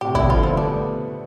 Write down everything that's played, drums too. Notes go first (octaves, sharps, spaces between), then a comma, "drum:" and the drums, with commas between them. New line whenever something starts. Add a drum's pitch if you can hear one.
A2 C3 G4
B2 D3 E4, drum: kick
D3 F3 F4
F3 A3 E4
G3 B3 D4